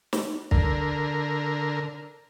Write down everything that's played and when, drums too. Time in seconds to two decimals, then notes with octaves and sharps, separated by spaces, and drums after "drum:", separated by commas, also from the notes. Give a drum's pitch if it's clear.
0.13 drum: snare
0.51 D3 A#4, drum: kick